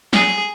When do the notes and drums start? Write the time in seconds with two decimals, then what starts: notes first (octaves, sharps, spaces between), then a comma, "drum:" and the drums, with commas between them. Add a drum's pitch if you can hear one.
0.13 G#4, drum: snare